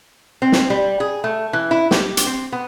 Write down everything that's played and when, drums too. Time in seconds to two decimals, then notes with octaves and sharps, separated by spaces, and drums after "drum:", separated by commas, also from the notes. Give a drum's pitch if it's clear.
0.42 C4
0.52 drum: snare
0.70 G3
1.00 G#4
1.24 A3
1.53 E3
1.71 E4
1.91 G4, drum: snare
2.17 drum: hi-hat
2.27 C4
2.52 B3